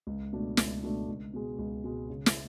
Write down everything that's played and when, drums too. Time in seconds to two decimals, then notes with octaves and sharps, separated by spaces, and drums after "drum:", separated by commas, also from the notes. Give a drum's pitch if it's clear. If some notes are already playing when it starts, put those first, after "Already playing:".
0.07 C#2
0.33 B2 A3 D4
0.57 C#2, drum: snare
0.83 B2 A3 D4
1.08 C#2
1.34 B2 G#3
1.59 C#2
1.84 B2 G#3
2.10 C#3
2.26 drum: snare